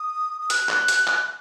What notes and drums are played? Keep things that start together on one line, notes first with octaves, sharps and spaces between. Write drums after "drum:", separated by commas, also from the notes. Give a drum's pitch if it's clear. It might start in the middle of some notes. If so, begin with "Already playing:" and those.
Already playing: D#6
D#6
F#6, drum: hi-hat
drum: clap
drum: hi-hat
drum: clap